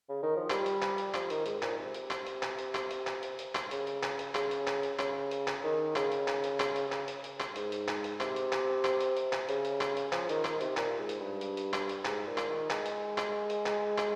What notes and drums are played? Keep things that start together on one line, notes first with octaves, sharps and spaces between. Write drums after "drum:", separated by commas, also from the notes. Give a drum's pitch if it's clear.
C#3
D#3
F3
G3, drum: clap
drum: hi-hat
drum: clap
drum: hi-hat
F3, drum: clap
D#3, drum: hi-hat
G#2, drum: hi-hat
A#2, drum: clap
C3
drum: hi-hat
drum: clap
drum: hi-hat
drum: clap
drum: hi-hat
drum: clap
drum: hi-hat
drum: clap
drum: hi-hat
drum: hi-hat
drum: clap
C#3, drum: hi-hat
drum: hi-hat
drum: clap
drum: hi-hat
C#3, drum: clap
drum: hi-hat
drum: clap
drum: hi-hat
C#3, drum: clap
drum: hi-hat
drum: clap
D#3
C#3, drum: clap
drum: hi-hat
drum: clap
drum: hi-hat
drum: clap
drum: hi-hat
drum: clap
drum: hi-hat
drum: hi-hat
drum: clap
G#2, drum: hi-hat
drum: hi-hat
drum: clap
drum: hi-hat
C3, drum: clap
drum: hi-hat
drum: clap
drum: clap
drum: hi-hat
drum: hi-hat
drum: clap
C#3, drum: hi-hat
drum: hi-hat
drum: clap
drum: hi-hat
F3, drum: clap
D#3, drum: hi-hat
D#3, drum: clap
C3, drum: hi-hat
A#2, drum: clap
G#2
drum: hi-hat
G2
drum: hi-hat
drum: hi-hat
drum: clap
drum: hi-hat
G#2, drum: clap
A#2
drum: clap
D#3
G#3, drum: clap
drum: hi-hat
drum: clap
drum: hi-hat
drum: clap
drum: clap